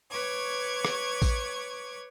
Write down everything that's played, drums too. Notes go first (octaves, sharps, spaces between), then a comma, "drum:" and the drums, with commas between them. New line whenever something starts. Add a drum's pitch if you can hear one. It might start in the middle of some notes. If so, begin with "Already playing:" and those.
B4 C#5 C#6 D6 G#6
drum: rim click
drum: kick A1, tambourine